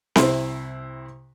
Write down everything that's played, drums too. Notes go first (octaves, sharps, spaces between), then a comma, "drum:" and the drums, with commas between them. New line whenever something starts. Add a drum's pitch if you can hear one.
C2 C4 E4 C6, drum: snare C4